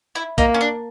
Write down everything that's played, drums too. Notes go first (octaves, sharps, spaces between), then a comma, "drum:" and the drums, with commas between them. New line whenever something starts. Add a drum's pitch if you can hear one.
E4
A#3 D#4, drum: kick, hi-hat
C#4
D4